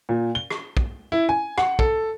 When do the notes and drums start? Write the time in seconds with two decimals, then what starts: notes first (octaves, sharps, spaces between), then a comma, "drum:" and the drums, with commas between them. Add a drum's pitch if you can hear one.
0.09 A#2
0.35 G7
0.50 drum: rim click
0.77 drum: kick
1.12 E4
1.29 G#5
1.58 F#5, drum: rim click
1.79 A4, drum: kick